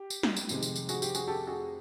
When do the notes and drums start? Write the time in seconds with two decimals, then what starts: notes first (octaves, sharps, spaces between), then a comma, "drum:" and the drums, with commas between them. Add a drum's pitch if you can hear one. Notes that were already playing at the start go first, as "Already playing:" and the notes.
Already playing: G4
0.10 drum: tambourine
0.23 drum: snare
0.36 drum: tambourine
0.49 F1 F2 C3 D#3 G#3, drum: tambourine
0.63 drum: tambourine
0.76 drum: tambourine
0.89 F#4 G#4, drum: tambourine
1.02 G4, drum: tambourine
1.15 F#4 G#4, drum: tambourine
1.28 G4 A4
1.47 F#4 G#4